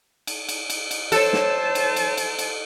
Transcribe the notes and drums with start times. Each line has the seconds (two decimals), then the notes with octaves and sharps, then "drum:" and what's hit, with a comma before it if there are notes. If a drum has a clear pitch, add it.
0.27 drum: cymbal
0.49 drum: cymbal
0.70 drum: cymbal
0.91 drum: cymbal
1.12 A4 C5 C#5 A5, drum: cymbal
1.33 drum: snare
1.75 drum: cymbal
1.96 drum: cymbal
2.17 drum: cymbal
2.39 drum: cymbal